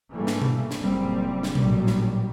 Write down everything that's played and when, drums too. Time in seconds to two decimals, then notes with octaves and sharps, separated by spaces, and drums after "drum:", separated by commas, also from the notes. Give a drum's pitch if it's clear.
0.12 G#2 E3 G3 A3 A#3
0.27 drum: snare
0.42 drum: tom B2
0.71 drum: snare
0.80 F#1 A#2 C#3 G3 C4
1.43 drum: snare
1.55 A1 A#2 F#3 G3, drum: tom B2
1.87 drum: snare